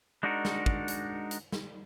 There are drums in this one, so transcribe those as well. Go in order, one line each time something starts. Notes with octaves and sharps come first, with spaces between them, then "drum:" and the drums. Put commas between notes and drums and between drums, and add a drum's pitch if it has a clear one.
G#3 D4 D#4 F#4 A#4
drum: snare
drum: kick
drum: hi-hat
drum: hi-hat
drum: snare